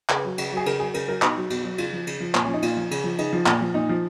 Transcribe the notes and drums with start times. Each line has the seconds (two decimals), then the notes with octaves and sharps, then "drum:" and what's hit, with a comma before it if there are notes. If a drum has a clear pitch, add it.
0.09 C#3 B4, drum: clap
0.25 F#3
0.38 C#3, drum: cymbal
0.52 F#3 G#4
0.66 C#3 A#4, drum: cymbal
0.80 F#3 G#4
0.94 C#3 A#4, drum: cymbal
1.08 F#3 A#4
1.22 B2 D#4, drum: clap
1.37 F#3
1.50 B2, drum: cymbal
1.64 F#3
1.78 C#3 F4, drum: cymbal
1.93 F3
2.07 C#3, drum: cymbal
2.20 F3
2.35 A#2, drum: clap
2.45 F3 C#4
2.54 D#4
2.62 A#2 F4, drum: cymbal
2.77 F3
2.91 C#3, drum: cymbal
3.04 F3
3.18 C#3 D#4, drum: cymbal
3.33 F3
3.46 A#2, drum: clap
3.61 F3
3.74 A#2 D#4
3.89 F3